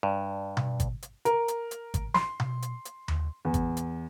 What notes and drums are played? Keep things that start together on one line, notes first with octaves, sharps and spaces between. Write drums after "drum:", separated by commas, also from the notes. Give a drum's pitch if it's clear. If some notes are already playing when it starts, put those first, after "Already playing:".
G2
drum: tom B2
drum: kick, hi-hat
drum: hi-hat
A#4, drum: hi-hat
drum: hi-hat
drum: hi-hat
drum: kick, hi-hat
C6, drum: snare
drum: tom B2
drum: hi-hat
drum: hi-hat
drum: tom D#2
E2
drum: kick, hi-hat
drum: hi-hat